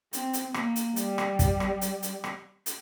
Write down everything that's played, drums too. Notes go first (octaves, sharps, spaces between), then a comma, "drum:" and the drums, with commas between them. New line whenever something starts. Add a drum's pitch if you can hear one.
C4, drum: hi-hat
drum: hi-hat
A#3, drum: rim click
drum: hi-hat
G3, drum: hi-hat
drum: rim click
drum: kick, hi-hat
drum: rim click
drum: hi-hat
drum: hi-hat
drum: rim click
drum: hi-hat